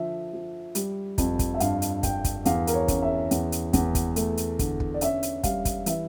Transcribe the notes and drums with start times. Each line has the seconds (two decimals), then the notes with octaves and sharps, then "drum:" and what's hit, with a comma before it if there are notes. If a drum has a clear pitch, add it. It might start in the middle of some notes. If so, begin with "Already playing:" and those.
Already playing: D3 F3 E5
0.33 F3
0.75 G3, drum: hi-hat
1.18 F2, drum: kick, hi-hat
1.39 drum: kick, hi-hat
1.54 E5
1.60 G2 F5, drum: hi-hat
1.82 drum: hi-hat
2.03 G2 G5, drum: kick, hi-hat
2.24 drum: kick, hi-hat
2.45 E2 F5, drum: hi-hat
2.67 A#4, drum: hi-hat
2.74 C#5
2.88 C#4, drum: kick, hi-hat
3.02 E5
3.31 E2, drum: hi-hat
3.52 drum: hi-hat
3.73 E2, drum: kick, hi-hat
3.95 drum: kick, hi-hat
4.16 A3, drum: hi-hat
4.37 drum: hi-hat
4.59 D3, drum: kick, hi-hat
4.80 drum: kick
4.94 D5
5.01 C#4 E5, drum: hi-hat
5.23 drum: hi-hat
5.43 G3 F5, drum: kick, hi-hat
5.65 drum: kick, hi-hat
5.86 E3 E5, drum: hi-hat